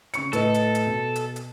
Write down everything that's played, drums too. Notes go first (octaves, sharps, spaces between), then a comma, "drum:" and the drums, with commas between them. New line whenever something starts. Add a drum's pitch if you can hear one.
C#3 C#6 C#7, drum: hi-hat
A2 A4 B4 D#5, drum: hi-hat
drum: hi-hat
drum: hi-hat
B2
drum: hi-hat
drum: hi-hat